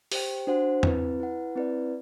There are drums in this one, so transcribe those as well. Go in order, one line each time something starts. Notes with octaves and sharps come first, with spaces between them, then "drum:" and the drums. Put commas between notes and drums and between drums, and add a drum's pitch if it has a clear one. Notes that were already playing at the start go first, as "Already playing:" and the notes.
G4 C5 G5, drum: open hi-hat
D4 F#4 C5 F#5
C4 E4 B4, drum: tom E2
E4 B4 F#5
C4 E4 B4 D5